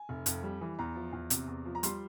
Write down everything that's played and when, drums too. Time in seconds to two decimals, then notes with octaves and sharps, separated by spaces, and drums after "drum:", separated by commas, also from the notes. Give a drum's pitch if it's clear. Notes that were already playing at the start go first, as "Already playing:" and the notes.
Already playing: G#5
0.09 F1
0.26 F2, drum: hi-hat
0.43 G3
0.61 E3
0.79 E2 A#5
0.96 F3
1.13 E2
1.30 C3, drum: hi-hat
1.48 E2
1.65 F3
1.75 A#5
1.83 G3 C6, drum: hi-hat